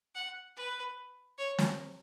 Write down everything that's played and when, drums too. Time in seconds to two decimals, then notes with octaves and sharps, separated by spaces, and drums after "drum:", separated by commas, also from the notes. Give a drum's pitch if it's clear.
0.15 F#5
0.56 B4
1.38 C#5
1.58 drum: snare